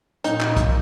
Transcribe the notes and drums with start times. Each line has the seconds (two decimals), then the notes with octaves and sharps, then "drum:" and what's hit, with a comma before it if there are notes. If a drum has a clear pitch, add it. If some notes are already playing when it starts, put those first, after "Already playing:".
0.24 A#2 D#4, drum: hi-hat
0.41 A#2, drum: clap
0.57 A#3, drum: kick, hi-hat